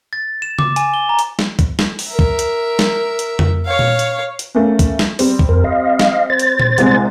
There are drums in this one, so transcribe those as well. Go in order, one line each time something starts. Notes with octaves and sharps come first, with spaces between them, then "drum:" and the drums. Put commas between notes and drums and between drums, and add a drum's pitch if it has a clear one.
A6
E7
D6, drum: tom C#3
G#5, drum: hi-hat
G7
A#5
drum: hi-hat
drum: snare
drum: kick, hi-hat
drum: snare
drum: open hi-hat
A#4 E5
drum: kick
drum: hi-hat
drum: snare
drum: hi-hat
drum: tom F2
C#5 F5
drum: tom A#2
drum: hi-hat
drum: hi-hat
A3 A#3 C#4
drum: kick, hi-hat
drum: snare
G3 C4, drum: open hi-hat
drum: kick
F2 A#4
D#5 F5
drum: snare
C5 A6
drum: hi-hat
drum: tom A#2
C2 C3 G#3, drum: hi-hat